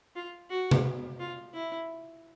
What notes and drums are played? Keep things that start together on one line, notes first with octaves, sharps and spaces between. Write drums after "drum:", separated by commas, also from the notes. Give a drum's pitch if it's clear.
F4
F#4
drum: tom C3
F4
E4